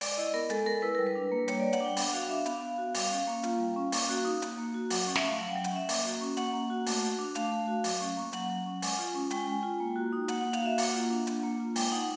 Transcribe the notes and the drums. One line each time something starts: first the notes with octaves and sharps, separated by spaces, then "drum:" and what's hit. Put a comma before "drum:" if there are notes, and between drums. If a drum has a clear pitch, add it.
G#3 D5, drum: open hi-hat
E4 D#5
B3 A#4
G#3 A4, drum: hi-hat
G#3 A#4
E4 B4
G3 A#4
B4
D4
A#3
G3 C#5, drum: hi-hat
D5
G3
F#5, drum: hi-hat
D4 G5
B3 F#5, drum: open hi-hat
F#4 F5
D4 E5
B3 F5, drum: hi-hat
B3
F#4
G3 F5, drum: open hi-hat
C#4
A#3
F4, drum: hi-hat
G3
C#4
A#3, drum: open hi-hat
F#4
D#4
A#3, drum: hi-hat
A#3
F#4
F#3 F#5, drum: open hi-hat
F#5
C#4
E5, drum: snare
A3 F5
F#3 F#5
G5
F#3
F#5, drum: hi-hat
C#4 E5
A#3, drum: open hi-hat
F#4
C#4
A#3 F#5, drum: hi-hat
A#3
F#4
A3, drum: open hi-hat
F#4
D4
A3 F5, drum: hi-hat
A3
F#4
F#3, drum: open hi-hat
C#4
A#3
F#3 F#5, drum: hi-hat
F#3
C#4
G#3, drum: open hi-hat
F4
C#4
G#3 G5, drum: hi-hat
G#3
F4
A#3
F#4
D#4
A#3 F#5, drum: hi-hat
F#5
A#3
F5, drum: hi-hat
F#4 E5
A#3 F#5, drum: open hi-hat
F4
D4
A#3, drum: hi-hat
A#3
F4
G#3 G5, drum: open hi-hat
D#4 F#5